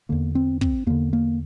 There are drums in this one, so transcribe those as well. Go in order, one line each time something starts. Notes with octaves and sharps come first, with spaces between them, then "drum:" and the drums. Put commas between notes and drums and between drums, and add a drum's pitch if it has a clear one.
E2 D3 A#3
C4
C4, drum: kick
E2 D3 A#3
A#3